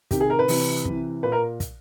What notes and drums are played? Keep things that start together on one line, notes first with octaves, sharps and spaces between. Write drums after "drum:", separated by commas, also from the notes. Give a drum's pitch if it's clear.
C3 D#3 G4, drum: kick, hi-hat
G#4
A#4
B4
C3 E3, drum: open hi-hat
C3 E3, drum: kick
A#2 B4
A#4
drum: kick, hi-hat